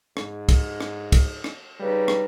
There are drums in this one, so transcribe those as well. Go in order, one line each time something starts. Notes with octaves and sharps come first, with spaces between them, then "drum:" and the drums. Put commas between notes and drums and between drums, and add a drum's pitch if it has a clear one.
G#2, drum: rim click
drum: kick, cymbal
drum: rim click
drum: kick, cymbal
drum: rim click
C#3 G3 D#4 B4
drum: rim click